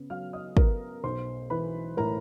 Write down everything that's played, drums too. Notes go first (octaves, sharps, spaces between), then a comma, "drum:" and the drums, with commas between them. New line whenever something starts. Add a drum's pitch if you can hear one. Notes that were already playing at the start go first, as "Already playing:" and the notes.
Already playing: C#3 B3
F#3 F5 F6
D#5 D#6
B3 A#4 A#5, drum: kick
B1 C5 C6
E3 B4 B5
A2 A#4 A#5